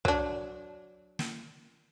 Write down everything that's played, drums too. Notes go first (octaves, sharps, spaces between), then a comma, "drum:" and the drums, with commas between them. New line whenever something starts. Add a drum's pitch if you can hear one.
F#3 D4, drum: kick
drum: snare